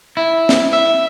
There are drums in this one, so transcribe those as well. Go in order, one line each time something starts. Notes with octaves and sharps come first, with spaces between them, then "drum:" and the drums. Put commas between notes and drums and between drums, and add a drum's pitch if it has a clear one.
E4
drum: snare C#4
E5